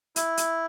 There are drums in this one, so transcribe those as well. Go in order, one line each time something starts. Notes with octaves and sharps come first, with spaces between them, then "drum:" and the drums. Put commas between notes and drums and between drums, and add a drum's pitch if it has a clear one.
E4, drum: hi-hat
drum: hi-hat